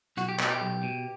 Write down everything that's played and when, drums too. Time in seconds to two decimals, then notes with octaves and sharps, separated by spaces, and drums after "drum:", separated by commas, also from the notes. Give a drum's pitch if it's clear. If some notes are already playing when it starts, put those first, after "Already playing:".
0.17 B1 F#4, drum: hi-hat
0.29 G4
0.39 B2 G4, drum: clap
0.50 G4
0.61 B1
0.83 B2